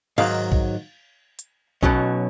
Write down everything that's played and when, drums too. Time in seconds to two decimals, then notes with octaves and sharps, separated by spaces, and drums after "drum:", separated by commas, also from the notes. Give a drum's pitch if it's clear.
0.18 G#2 D#3 F#3 F5, drum: cymbal
0.52 drum: kick
1.39 drum: hi-hat
1.83 B1 B2 F#3 C#4, drum: kick